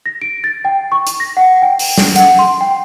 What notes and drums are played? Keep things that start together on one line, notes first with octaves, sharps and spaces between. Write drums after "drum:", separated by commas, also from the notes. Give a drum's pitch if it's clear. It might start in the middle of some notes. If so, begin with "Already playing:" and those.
A#6
D7
A6
G5
C#6
drum: hi-hat
A#6
F#5
G5
drum: open hi-hat
drum: snare
F#5, drum: hi-hat
C6
G5